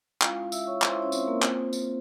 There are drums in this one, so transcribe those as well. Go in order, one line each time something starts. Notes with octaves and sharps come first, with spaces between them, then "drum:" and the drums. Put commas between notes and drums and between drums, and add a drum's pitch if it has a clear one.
G#3 C#4 E4 F4 F5, drum: clap
E5 E6, drum: tambourine
C#5 C#6
C5 C6, drum: clap
E4 E5
C#4 C#5
C4 C5, drum: tambourine
A#3 A#4
A#3 C4 F4 C5, drum: clap
drum: tambourine